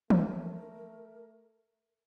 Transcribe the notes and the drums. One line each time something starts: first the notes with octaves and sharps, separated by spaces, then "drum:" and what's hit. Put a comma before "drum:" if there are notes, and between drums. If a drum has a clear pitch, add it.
A3 A#4, drum: tom